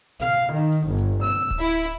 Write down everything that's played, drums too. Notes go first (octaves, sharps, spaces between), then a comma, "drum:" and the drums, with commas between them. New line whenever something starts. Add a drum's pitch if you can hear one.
F5, drum: open hi-hat
D#3
drum: open hi-hat
G1
drum: hi-hat
E6
drum: kick D1, hi-hat
E4
drum: hi-hat